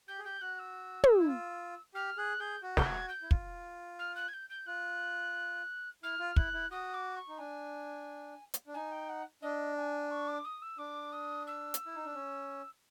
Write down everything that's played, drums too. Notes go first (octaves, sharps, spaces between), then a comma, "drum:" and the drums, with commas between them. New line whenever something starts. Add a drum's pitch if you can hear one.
G4 G6
G#4
G4 G6
F#4 F#6
E6
drum: tom
E4
F4
G4 F6
G#4 F#6
G#4 G6
F#4
G6, drum: snare
G#6
G6
E4
F4, drum: kick
F6
F#6
G#6
G6
G6
F4 F#6
E4 F6
F4
E4 F#6, drum: kick
E4
F#4 D#6
D6
C#6
D#4
D4 G#5
drum: hi-hat
D4
D#4 G#5
G5
F#5
D4 D#5
G#5
C#6
D6
D#6
E6
D4 D6
D#6
E6
drum: hi-hat
E4
D#4
D4
C#4